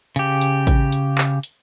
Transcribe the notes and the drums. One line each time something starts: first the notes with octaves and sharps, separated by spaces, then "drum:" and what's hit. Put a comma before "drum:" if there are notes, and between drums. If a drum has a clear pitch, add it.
C#3 G4, drum: hi-hat
drum: hi-hat
drum: kick A1, hi-hat
drum: hi-hat
drum: clap
drum: hi-hat